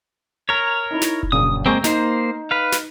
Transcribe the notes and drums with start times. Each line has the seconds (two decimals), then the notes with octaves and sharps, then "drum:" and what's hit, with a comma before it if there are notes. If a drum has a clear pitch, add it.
0.49 A#4 C#5 B6
0.91 D#4 E4
1.02 drum: snare
1.23 drum: kick E1
1.32 A#1 F#2 C#3 D#6
1.66 G#3 A#3 C4 G#5 C#6 G6
1.84 A#3 D#4 C5, drum: snare
2.51 B4 F5
2.72 drum: snare